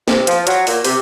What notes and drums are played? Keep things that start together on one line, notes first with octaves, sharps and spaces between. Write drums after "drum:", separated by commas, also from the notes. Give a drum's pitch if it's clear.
C3, drum: snare
F3, drum: hi-hat
F#3, drum: hi-hat
A#2, drum: open hi-hat
C3, drum: open hi-hat